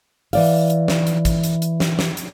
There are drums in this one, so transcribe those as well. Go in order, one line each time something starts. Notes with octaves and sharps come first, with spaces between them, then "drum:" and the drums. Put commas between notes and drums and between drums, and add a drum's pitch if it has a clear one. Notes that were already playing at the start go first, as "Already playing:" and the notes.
E3 D5 F5, drum: open hi-hat
drum: hi-hat
drum: snare
drum: hi-hat
drum: kick, hi-hat
drum: hi-hat
drum: hi-hat
drum: snare
drum: snare
drum: hi-hat